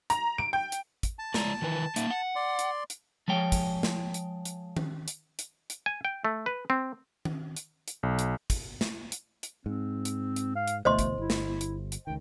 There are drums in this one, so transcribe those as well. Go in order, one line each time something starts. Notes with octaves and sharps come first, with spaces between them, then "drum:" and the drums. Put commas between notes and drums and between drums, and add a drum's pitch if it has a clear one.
A#5, drum: hi-hat
D7
G5
drum: hi-hat
drum: kick, hi-hat
A5
G#3 D5 A#5, drum: snare
D#3 E3 B4
A#3 D#4 E5, drum: hi-hat
F#5
D5 C6
drum: hi-hat
drum: hi-hat
F3 G#3 C#5 G5
drum: kick, hi-hat
drum: snare
drum: hi-hat
drum: hi-hat
drum: tom D#3
drum: hi-hat
drum: hi-hat
drum: hi-hat
G#5
G5
A3
B4
C4
drum: tom D#3
drum: hi-hat
drum: hi-hat
B1
drum: hi-hat
drum: kick, hi-hat
drum: snare
drum: hi-hat
drum: hi-hat
G#2 C4
drum: hi-hat
drum: hi-hat
F5
drum: hi-hat
D2 B2 E3 A3 C5 D#5 C6
drum: kick, hi-hat
G1 E4
drum: snare
drum: hi-hat
drum: hi-hat
C#2 D#3 G5